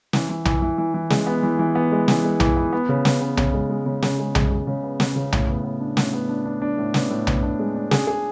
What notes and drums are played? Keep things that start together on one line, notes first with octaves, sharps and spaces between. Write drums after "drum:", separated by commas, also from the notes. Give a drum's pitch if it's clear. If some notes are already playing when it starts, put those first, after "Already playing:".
E3, drum: snare
E3
E3, drum: tom B1
E3
E3
E3
G#3, drum: snare
B3
E3
E3
B3
G#3
E3, drum: snare
G#3
E3, drum: tom B1
B3
B3
C#3
B3, drum: snare
B3
C#3, drum: tom B1
G#3
G#3
C#3
C#3, drum: snare
G#3
G#3, drum: tom B1
G#3
C#3
B3
C#3, drum: snare
C#3
A2, drum: tom B1
B3
B3
D4
A2, drum: snare
B3
D4
D4
D4
A2
B3, drum: snare
A2
B3, drum: tom B1
D4
G#3
D4
G#4, drum: snare
G#4